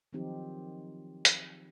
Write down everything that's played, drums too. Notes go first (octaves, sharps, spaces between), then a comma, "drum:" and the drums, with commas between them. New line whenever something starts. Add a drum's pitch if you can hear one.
D#3 F3 F#3 C4 D#4 G4
drum: hi-hat